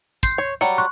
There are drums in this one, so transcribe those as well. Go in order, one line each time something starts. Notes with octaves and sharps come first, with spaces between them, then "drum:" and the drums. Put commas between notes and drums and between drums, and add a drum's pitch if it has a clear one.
C6 G6 C7, drum: kick, tambourine
C#5
F#3 G3 C#7
C6 C#6 F#6